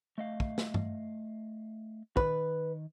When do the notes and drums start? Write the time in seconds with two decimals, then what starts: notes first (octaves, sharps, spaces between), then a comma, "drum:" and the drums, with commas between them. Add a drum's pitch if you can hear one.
0.18 A3 D#5 F5
0.40 drum: kick
0.58 drum: snare
0.74 drum: tom G2
2.17 D#3 B4, drum: kick